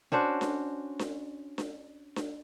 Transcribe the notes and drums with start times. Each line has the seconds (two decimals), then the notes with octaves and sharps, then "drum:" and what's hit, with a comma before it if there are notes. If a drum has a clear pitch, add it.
0.12 C#4 D4 F#4 C5
0.41 drum: snare D4
0.99 drum: snare D4
1.58 drum: snare D4
2.16 drum: snare D4